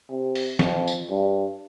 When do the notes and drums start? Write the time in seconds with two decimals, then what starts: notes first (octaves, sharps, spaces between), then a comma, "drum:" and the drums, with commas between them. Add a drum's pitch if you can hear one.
0.10 C3
0.35 drum: open hi-hat
0.59 F2, drum: snare
0.87 drum: tambourine
1.10 G2